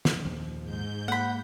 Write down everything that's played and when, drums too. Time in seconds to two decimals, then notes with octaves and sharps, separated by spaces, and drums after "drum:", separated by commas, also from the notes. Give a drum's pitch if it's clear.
0.05 drum: snare
0.25 D#2 A#2 F3
0.63 G#2 G6
1.08 A#3 F#5 B5